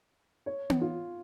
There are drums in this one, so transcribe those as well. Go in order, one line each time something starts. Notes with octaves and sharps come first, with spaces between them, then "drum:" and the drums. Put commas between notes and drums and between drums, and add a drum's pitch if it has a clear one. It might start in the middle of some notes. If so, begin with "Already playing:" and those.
C#5
drum: tom B3
F4